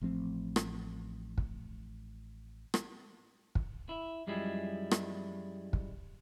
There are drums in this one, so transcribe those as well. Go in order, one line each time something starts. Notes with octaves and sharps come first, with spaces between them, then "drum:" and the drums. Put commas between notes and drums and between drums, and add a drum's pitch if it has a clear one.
A1 F3 A3 C4
drum: rim click
drum: kick
drum: rim click
drum: kick
E4
F#2 F3 G3 G#3 E4
drum: rim click
drum: kick